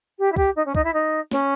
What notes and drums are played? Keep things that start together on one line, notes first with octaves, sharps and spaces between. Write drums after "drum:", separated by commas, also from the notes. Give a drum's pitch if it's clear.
G4
E4
G4, drum: kick
D#4
C#4
D#4, drum: kick
E4
D#4
C#4, drum: snare